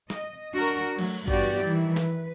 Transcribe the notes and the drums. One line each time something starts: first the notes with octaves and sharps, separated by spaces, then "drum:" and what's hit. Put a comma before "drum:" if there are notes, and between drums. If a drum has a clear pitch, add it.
D#5, drum: snare
D4 F#4 A#4
F#3 A3, drum: cymbal
E2 G2 B3 F#4 G4 D5, drum: kick
D#3 E3 G3 E4
B4, drum: snare